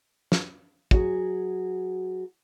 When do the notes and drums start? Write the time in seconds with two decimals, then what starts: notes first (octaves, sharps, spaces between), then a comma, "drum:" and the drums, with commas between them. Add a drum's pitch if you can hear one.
0.32 drum: snare
0.91 F#3 F#4 G#4, drum: kick